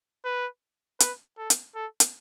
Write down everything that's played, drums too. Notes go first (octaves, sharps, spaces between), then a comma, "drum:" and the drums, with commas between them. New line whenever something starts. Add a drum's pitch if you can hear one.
B4
B4, drum: hi-hat
A4
drum: hi-hat
A4
drum: hi-hat